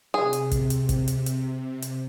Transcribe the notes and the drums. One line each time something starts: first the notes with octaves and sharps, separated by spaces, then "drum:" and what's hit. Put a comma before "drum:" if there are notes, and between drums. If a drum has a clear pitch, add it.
C3 G#4
drum: hi-hat
drum: kick, hi-hat
drum: hi-hat
drum: kick, hi-hat
drum: hi-hat
drum: hi-hat
drum: hi-hat